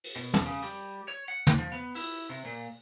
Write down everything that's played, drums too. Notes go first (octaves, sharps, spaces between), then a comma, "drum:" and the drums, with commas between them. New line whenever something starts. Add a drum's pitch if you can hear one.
drum: open hi-hat
B2
drum: tom
C#3
G3
C#5
F#5
drum: tom
F3
B3
E4, drum: open hi-hat
C3
A#2